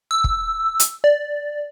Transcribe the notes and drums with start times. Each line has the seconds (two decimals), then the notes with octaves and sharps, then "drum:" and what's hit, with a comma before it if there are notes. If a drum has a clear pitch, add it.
0.11 E6
0.24 drum: kick
0.80 drum: hi-hat
1.04 D5